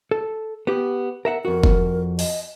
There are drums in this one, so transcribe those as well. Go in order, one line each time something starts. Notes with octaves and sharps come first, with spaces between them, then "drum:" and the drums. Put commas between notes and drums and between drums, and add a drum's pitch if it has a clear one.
A4
B3 G4
A#4 E5 F#5
F2 F#4 A#4
drum: kick
D#5, drum: open hi-hat